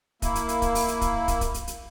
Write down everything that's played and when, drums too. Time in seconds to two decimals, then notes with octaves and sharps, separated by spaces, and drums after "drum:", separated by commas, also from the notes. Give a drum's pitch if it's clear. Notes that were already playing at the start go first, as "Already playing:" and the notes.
0.22 A#3 E4, drum: kick, hi-hat
0.35 drum: hi-hat
0.49 drum: hi-hat
0.62 drum: kick, hi-hat
0.75 drum: open hi-hat
0.88 drum: hi-hat
1.01 drum: kick, hi-hat
1.28 drum: kick, hi-hat
1.41 drum: kick, hi-hat
1.54 drum: hi-hat
1.68 drum: hi-hat